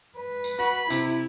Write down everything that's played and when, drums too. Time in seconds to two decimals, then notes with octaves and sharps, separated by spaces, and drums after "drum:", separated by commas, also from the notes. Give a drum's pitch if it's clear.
0.18 B4
0.44 drum: tambourine
0.59 F#4 B5
0.90 C3 E4, drum: tambourine